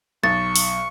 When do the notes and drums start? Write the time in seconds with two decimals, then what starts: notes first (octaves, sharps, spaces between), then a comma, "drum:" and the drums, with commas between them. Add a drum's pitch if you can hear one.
0.24 B1 C#6 A6
0.56 drum: open hi-hat